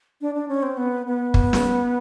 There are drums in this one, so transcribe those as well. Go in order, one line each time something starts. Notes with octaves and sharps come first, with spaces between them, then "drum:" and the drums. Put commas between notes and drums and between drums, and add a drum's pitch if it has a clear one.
D4
D4
C#4
C4
B3
B3
drum: kick
drum: snare